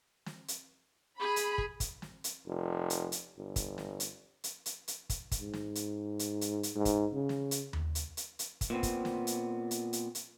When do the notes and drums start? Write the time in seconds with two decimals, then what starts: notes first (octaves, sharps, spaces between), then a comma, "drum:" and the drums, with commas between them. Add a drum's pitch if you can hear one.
0.26 drum: snare
0.48 drum: hi-hat
1.20 G#4 B5
1.36 drum: hi-hat
1.58 drum: kick
1.80 drum: kick, hi-hat
2.02 drum: snare
2.24 drum: hi-hat
2.46 F1
2.90 drum: hi-hat
3.12 drum: hi-hat
3.38 G1
3.56 drum: kick, hi-hat
3.78 drum: snare
4.00 drum: hi-hat
4.44 drum: hi-hat
4.66 drum: hi-hat
4.88 drum: hi-hat
5.10 drum: kick, hi-hat
5.32 drum: kick, hi-hat
5.41 G#2
5.53 drum: snare
5.75 drum: hi-hat
6.19 drum: hi-hat
6.41 drum: hi-hat
6.63 drum: hi-hat
6.75 G#2
6.85 drum: kick, hi-hat
7.13 C#3
7.29 drum: snare
7.51 drum: hi-hat
7.73 drum: tom D#2
7.95 drum: hi-hat
8.17 drum: hi-hat
8.39 drum: hi-hat
8.61 drum: kick, hi-hat
8.70 A#2 B3 C4
8.83 drum: kick, hi-hat
9.05 drum: snare
9.27 drum: hi-hat
9.71 drum: hi-hat
9.93 drum: hi-hat
10.15 drum: hi-hat